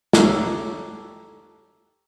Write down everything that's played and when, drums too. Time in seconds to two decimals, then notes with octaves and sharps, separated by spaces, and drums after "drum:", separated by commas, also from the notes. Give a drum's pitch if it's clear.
0.13 G4 A4 A#4 C#5, drum: snare